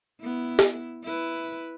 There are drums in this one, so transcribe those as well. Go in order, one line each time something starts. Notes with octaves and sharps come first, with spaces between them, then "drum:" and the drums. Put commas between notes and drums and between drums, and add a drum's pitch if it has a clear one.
B3 E4
drum: snare
E4 B4